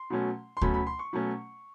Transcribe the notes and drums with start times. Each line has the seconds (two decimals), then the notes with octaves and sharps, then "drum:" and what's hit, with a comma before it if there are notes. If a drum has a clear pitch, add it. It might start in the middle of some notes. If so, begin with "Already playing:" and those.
Already playing: C6
0.10 B2 F#3 A3 C#4
0.57 C6
0.61 B2 F#3 A3 C#4 B5, drum: kick D2
0.74 B5
0.87 C6
0.99 C#6
1.13 B2 F#3 A3 C#4